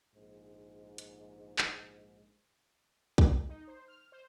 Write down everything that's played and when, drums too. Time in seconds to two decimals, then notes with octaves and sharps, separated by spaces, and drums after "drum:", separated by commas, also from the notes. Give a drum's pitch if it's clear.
0.14 A#1 G#2
0.98 drum: hi-hat
1.59 drum: clap
3.18 G#3, drum: kick
3.49 D#4
3.67 C5
3.88 F6
4.12 C5